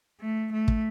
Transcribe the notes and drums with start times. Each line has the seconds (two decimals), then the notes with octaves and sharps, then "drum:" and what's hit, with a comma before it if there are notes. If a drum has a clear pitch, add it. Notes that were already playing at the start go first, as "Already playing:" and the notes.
0.21 A3
0.53 A3
0.68 drum: kick